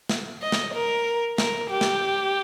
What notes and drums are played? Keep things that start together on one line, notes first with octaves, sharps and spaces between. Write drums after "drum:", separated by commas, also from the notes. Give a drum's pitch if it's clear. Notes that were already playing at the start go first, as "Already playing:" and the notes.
drum: snare
D#5
drum: snare
A#4
A#4, drum: snare
G4
drum: snare